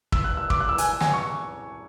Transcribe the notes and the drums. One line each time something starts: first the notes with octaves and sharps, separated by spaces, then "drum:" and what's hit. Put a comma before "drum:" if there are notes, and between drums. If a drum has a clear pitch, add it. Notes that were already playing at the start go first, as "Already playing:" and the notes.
E6, drum: kick
F#6
E6
D6, drum: kick
F#6
E6
G#5, drum: hi-hat
G#5, drum: snare
C#6